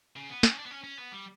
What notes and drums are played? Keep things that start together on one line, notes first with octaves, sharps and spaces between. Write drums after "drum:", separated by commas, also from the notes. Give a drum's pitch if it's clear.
C#3
B3
C#4, drum: snare
D4
B3
C#4
C#4
B3
G3